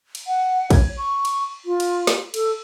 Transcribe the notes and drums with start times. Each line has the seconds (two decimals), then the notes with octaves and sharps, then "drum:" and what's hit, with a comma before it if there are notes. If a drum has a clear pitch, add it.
0.15 drum: cymbal
0.27 F#5
0.70 C#5, drum: kick, cymbal
0.97 C#6
1.25 drum: cymbal
1.65 F4
1.80 drum: cymbal
2.07 drum: snare
2.34 A4, drum: cymbal